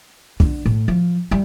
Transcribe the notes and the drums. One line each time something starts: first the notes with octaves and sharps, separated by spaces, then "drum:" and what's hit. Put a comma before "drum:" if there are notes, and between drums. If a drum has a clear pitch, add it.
D3, drum: kick
A2
F3
G3